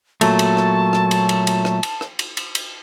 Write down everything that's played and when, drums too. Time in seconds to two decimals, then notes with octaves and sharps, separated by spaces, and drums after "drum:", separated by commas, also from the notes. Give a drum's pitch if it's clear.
0.21 A#2 F#3 A3 A5, drum: cymbal
0.39 drum: cymbal
0.57 drum: rim click
0.93 drum: rim click
1.11 drum: cymbal
1.29 drum: cymbal
1.47 drum: cymbal
1.65 drum: rim click
1.83 drum: cymbal
2.01 drum: rim click
2.19 drum: cymbal
2.37 drum: cymbal
2.55 drum: cymbal